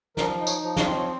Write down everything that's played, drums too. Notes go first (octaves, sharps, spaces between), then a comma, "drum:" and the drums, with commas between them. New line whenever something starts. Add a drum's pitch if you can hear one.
F3 A#4, drum: snare
D#4
C#5, drum: tambourine
F3
F5, drum: snare
C4
C#5